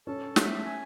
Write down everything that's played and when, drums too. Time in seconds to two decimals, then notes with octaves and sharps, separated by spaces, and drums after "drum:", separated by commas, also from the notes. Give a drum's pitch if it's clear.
0.07 C#4 A4
0.36 E5, drum: snare
0.65 G#5